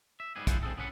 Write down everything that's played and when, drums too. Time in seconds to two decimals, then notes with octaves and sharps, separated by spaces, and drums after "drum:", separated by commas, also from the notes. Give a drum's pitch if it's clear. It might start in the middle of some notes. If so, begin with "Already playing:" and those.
0.20 E5
0.36 G#2 G3 B3 G#4
0.47 E4 F4 G#4 A4 C5 F#5, drum: kick, hi-hat
0.63 C4 G#4 A4
0.78 B3 C#4 B4 F#5